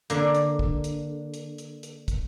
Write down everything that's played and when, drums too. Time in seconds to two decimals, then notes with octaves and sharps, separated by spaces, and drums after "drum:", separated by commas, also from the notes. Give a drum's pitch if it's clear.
0.10 D3 A#3, drum: hi-hat
0.35 drum: hi-hat
0.59 drum: kick
0.84 drum: hi-hat
1.34 drum: hi-hat
1.58 drum: hi-hat
1.83 drum: hi-hat
2.08 drum: kick, hi-hat